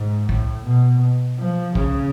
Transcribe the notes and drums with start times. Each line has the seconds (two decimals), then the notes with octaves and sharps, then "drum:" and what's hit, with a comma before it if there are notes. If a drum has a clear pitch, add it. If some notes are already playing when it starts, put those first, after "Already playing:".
Already playing: G#2
0.29 A2, drum: kick
0.66 B2
1.39 F3
1.75 C#3, drum: kick